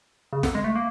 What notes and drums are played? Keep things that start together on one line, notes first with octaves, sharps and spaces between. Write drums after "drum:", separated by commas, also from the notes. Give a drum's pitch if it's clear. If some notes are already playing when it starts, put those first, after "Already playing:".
C#3
D3, drum: snare
G#3
A3
A#3